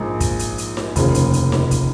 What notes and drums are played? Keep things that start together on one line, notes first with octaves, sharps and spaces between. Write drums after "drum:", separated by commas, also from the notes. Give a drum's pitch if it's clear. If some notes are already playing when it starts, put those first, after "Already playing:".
Already playing: A#1 G#2 F3 A#3 D#4
drum: kick, hi-hat
drum: hi-hat
drum: hi-hat
drum: snare D#4
F1 D#2 C#3 F3 A#3, drum: kick, hi-hat
drum: hi-hat
drum: hi-hat
drum: snare D#4
drum: kick, hi-hat